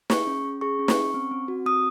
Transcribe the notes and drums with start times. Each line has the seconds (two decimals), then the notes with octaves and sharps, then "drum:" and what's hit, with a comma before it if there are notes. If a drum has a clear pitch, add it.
0.10 G#4 C#6, drum: snare
0.27 C#4
0.45 C#4
0.61 G#4 C#6
0.79 C#4
0.88 C#6, drum: snare
0.97 C#4
1.14 C4
1.31 C4
1.48 F#4
1.66 C4 D#6